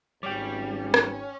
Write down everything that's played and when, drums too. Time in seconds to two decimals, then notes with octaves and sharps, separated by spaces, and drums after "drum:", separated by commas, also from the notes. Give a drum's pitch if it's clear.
0.23 G#1 G3 C#4 G5 D6
0.94 drum: rim click